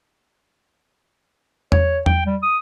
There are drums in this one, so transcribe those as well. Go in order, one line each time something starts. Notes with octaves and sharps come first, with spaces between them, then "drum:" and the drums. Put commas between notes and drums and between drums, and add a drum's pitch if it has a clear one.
C#5, drum: tom E2
G5, drum: tom E2
G3
D#6